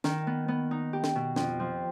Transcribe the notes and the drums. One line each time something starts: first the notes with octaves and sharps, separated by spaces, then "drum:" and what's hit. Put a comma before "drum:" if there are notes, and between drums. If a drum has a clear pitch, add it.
D#3, drum: snare
B3
B3
D#4
G4
drum: snare
B2
F2, drum: snare
F3